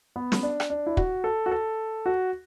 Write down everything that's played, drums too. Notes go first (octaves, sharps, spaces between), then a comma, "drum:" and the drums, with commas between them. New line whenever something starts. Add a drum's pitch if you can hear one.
B3
drum: snare
D4
drum: rim click
D4
E4
F#4, drum: kick
A4
F#4
A4
F#4